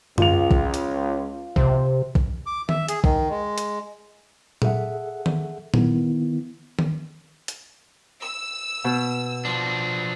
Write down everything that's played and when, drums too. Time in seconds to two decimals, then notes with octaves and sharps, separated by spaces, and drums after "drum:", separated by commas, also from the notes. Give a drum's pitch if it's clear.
0.18 C#2 F4 F7, drum: tom F#2
0.51 drum: kick
0.74 drum: hi-hat
1.56 C3 C5, drum: kick
2.15 drum: kick
2.46 D6
2.69 E5, drum: tom D#3
2.88 G#4, drum: hi-hat
3.04 D#3, drum: kick
3.30 G#3
3.58 drum: hi-hat
4.62 G#4 A4 E5 F#5, drum: tom A#2
5.26 drum: tom D#3
5.74 D#3 B3 E4, drum: tom A#2
6.79 drum: tom D#3
7.48 drum: hi-hat
8.22 E6
8.84 B2
9.45 F3 D4